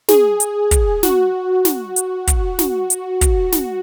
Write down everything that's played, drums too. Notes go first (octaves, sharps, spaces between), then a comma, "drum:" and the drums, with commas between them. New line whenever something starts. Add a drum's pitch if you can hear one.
G#4, drum: snare
drum: hi-hat
drum: kick, hi-hat
F#4, drum: snare
drum: snare
drum: hi-hat
drum: kick, hi-hat
drum: snare
drum: hi-hat
drum: kick, hi-hat
drum: snare